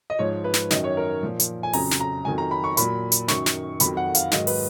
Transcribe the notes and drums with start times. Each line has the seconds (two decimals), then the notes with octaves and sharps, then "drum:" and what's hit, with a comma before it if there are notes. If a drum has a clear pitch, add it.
0.10 D#5
0.19 G#2 F3 C#5
0.44 B4
0.54 drum: snare
0.70 F#2 D#3 F#3 D#5, drum: snare
0.84 C#5
0.97 A#4
1.23 A#2 F3
1.40 drum: hi-hat
1.63 G#5
1.73 F2 C#3 F#3 A#5, drum: open hi-hat
1.91 drum: snare
2.00 A#5
2.25 F2 D#3 F#3 G#5
2.38 A#5
2.51 B5
2.64 C#6
2.77 A#2 F#3 B5, drum: hi-hat
3.12 drum: hi-hat
3.28 F#2 D#3 F#3 C#6, drum: snare
3.46 drum: snare
3.80 F2 D#3 F#3 B5, drum: hi-hat
3.97 F#5
4.15 F5, drum: hi-hat
4.31 G#2 D#3 F#3 D#5, drum: snare
4.47 B4, drum: open hi-hat